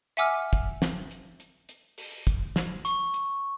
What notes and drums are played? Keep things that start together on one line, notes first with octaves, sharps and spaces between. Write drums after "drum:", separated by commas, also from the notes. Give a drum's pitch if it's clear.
E5 F#5 G#5 D6 E6 F6
drum: kick, hi-hat
drum: snare
drum: hi-hat
drum: hi-hat
drum: hi-hat
drum: open hi-hat
drum: kick, hi-hat
drum: snare
C#6, drum: hi-hat
drum: hi-hat